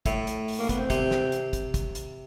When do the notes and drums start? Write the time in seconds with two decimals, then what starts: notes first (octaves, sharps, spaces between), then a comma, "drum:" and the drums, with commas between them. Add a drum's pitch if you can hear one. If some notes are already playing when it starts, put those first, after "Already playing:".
0.06 A2 A3, drum: kick, hi-hat
0.27 drum: hi-hat
0.48 drum: open hi-hat
0.59 A#3
0.69 B3, drum: kick, hi-hat
0.79 C4
0.90 C3, drum: kick, hi-hat
1.11 drum: snare
1.32 drum: hi-hat
1.53 drum: kick, hi-hat
1.74 drum: kick, hi-hat
1.95 drum: hi-hat